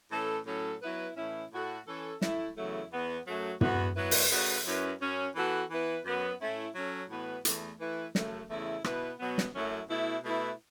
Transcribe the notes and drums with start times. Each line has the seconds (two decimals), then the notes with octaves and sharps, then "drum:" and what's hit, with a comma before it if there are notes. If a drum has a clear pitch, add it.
0.12 A2 E3 C#4 A4
0.47 A2 F#3 C#4 A4
0.82 F#3 B3 E4 B4
1.17 A2 E3 C#4 E4
1.52 A2 A3 F#4 A4
1.87 E3 C#4 A4
2.22 A2 A3 E4, drum: snare
2.56 E2 C#3 F#3 A3 E4
2.91 E2 E3 B3
3.26 F#2 F#3 A3 F#4
3.61 E2 E3 B3 F#4, drum: tom
3.96 F#3 B3 E4 B4
4.11 drum: open hi-hat
4.31 C#3 A3 F#4 B4
4.66 F#2 F#3 C#4 E4 B4
5.01 F#2 F#3 C#4
5.36 E3 B3 F#4 A4
5.70 E3 B3 E4 B4
6.05 F#2 F#3 B3
6.41 A2 A3 C#4 E4
6.75 F#3 C#4 A4
7.10 A2 E3 B3 F#4 B4
7.45 E2 E3 A3, drum: hi-hat
7.80 E3 A3 E4 B4
8.15 F#2 C#3 A3, drum: snare
8.50 E2 C#3 A3 E4
8.84 B2 B3 E4 B4, drum: rim click
9.20 B2 F#3 B3
9.38 drum: snare
9.55 F#2 F#3 A3 C#4 E4
9.90 B2 A3 E4
10.24 B2 A3 E4 B4